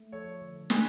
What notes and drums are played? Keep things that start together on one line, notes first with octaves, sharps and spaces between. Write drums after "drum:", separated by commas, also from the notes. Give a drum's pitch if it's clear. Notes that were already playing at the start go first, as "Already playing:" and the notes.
Already playing: A3
F3 A4 C#5
D3
D4 G#4 B4, drum: snare